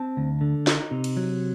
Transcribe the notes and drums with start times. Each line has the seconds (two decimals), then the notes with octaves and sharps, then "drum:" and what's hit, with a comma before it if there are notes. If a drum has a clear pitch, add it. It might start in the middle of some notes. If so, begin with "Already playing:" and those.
Already playing: C4 A5
0.17 D2
0.41 D3
0.67 D#4, drum: snare
0.91 C3
1.04 drum: cymbal
1.17 F#3